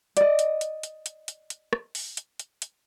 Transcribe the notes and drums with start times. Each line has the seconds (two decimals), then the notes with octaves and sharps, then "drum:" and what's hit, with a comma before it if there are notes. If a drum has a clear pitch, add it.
0.17 D5 D#5, drum: hi-hat
0.39 drum: hi-hat
0.61 drum: hi-hat
0.83 drum: hi-hat
1.06 drum: hi-hat
1.28 drum: hi-hat
1.50 drum: hi-hat
1.73 drum: rim click
1.95 drum: open hi-hat
2.17 drum: hi-hat
2.39 drum: hi-hat
2.62 drum: hi-hat